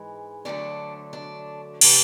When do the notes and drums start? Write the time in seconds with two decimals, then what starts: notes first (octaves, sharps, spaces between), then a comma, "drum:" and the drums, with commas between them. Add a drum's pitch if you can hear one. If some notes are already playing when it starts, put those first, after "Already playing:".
Already playing: G#2 E3 G#3
0.45 D2 D3 F#3 A3 D4
1.13 D4
1.81 C3 E3, drum: cymbal